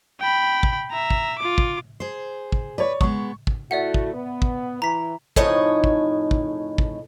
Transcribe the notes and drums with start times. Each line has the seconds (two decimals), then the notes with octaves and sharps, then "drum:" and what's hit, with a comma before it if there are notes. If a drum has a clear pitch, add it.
0.20 G5 B5
0.63 drum: kick
0.91 E5 A#5
1.10 drum: kick
1.39 F4 D6
1.58 drum: kick
2.00 G#4 C5
2.52 drum: kick
2.78 B4 C#5 D5
3.01 G#3 B3 C#6, drum: kick
3.47 drum: kick
3.71 A3 E4 F#4 D5 E5 F#5
3.94 drum: kick
4.14 B3
4.42 drum: kick
4.82 E3 A#5 B6
5.36 F2 A2 D#4 G#4 C#5 D#5, drum: kick
5.84 drum: kick
6.31 drum: kick
6.78 drum: kick